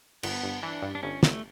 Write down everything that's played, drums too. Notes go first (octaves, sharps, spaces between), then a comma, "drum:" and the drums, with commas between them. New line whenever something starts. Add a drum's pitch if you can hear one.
G1 B3, drum: cymbal
G1
E3 D4
G2
D4
G1 C#4
G1 A3, drum: snare